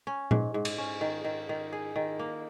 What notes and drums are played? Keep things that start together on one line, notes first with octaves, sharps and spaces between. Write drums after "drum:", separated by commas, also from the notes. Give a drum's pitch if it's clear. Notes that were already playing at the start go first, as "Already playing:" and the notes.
C#4
G#2, drum: tom A#2
G#2
drum: cymbal
C#4
D#3
D#3
D#3
G#4
D#3
A#3